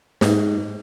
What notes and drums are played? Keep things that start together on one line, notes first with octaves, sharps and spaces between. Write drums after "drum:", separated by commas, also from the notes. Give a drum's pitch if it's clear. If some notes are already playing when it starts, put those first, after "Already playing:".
G#2, drum: snare